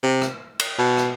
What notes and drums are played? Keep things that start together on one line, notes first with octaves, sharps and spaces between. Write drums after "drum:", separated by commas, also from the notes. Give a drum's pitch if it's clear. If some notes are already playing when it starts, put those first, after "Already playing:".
C3
drum: rim click
drum: cymbal
B2
drum: rim click